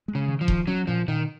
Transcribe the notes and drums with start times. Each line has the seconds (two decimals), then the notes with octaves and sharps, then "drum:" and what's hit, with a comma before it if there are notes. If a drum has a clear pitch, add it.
0.08 G#3
0.15 C#3
0.28 D#3
0.41 F3
0.48 D#3, drum: kick D#1
0.67 F#3 C#4
0.87 A#2 F3
1.08 A#2 D#3